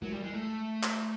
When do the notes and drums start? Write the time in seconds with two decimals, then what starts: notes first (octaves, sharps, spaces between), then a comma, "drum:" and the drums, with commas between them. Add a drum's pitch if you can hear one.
0.02 F#3, drum: tom G#3
0.12 G3
0.23 G#3
0.33 A3
0.83 drum: clap